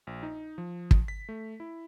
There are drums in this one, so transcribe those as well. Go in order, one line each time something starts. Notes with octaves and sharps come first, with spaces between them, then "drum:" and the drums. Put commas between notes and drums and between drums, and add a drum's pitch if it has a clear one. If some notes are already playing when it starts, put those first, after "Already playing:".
A#1
D#4
F3
drum: kick
B6
A3
E4